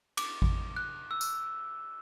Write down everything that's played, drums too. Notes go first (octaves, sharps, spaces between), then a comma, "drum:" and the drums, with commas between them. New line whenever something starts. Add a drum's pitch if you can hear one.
D6, drum: cymbal
drum: kick G#1
F#6
E6
drum: tambourine